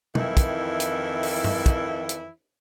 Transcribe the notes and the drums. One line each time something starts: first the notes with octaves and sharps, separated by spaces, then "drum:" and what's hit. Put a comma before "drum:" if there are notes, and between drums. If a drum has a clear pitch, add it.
F2 D#3 E3 E4, drum: tom
drum: kick, hi-hat
drum: hi-hat
drum: open hi-hat
drum: tom G2
drum: kick, hi-hat
drum: hi-hat